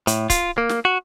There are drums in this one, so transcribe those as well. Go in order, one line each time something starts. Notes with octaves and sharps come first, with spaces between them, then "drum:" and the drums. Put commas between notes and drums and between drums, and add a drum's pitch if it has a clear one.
A2, drum: hi-hat
F4, drum: kick C#1, hi-hat
A#3
drum: snare
F#4